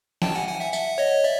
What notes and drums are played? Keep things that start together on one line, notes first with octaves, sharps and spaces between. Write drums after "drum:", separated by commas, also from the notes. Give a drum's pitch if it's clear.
G5 A5, drum: snare
F#5 G#5
F#5 G#5
E5 F#5
E5 F#5, drum: tambourine
C#5 D#5
D5 E5